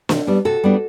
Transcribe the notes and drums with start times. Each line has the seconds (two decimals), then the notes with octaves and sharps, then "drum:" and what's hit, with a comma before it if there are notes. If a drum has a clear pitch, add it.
0.09 C3, drum: snare
0.27 G3 B3 D4
0.45 C3 F#4 A4
0.64 G3 B3 D4